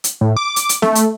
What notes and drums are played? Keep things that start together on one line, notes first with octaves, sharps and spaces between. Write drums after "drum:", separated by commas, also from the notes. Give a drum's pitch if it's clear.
drum: hi-hat
A2
D6
drum: hi-hat
drum: hi-hat
A3, drum: snare C4
drum: hi-hat